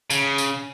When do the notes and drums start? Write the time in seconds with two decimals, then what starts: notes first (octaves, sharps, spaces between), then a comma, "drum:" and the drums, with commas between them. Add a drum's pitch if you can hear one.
0.10 C#3, drum: tambourine
0.38 drum: tambourine